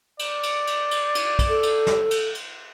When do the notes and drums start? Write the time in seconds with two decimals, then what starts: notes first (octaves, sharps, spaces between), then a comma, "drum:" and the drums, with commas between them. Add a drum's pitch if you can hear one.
0.19 D5, drum: cymbal
0.43 drum: cymbal
0.67 drum: cymbal
0.91 drum: cymbal
1.15 drum: cymbal
1.39 drum: kick, cymbal
1.49 A4
1.63 drum: cymbal
1.87 drum: snare
2.11 drum: cymbal
2.35 drum: cymbal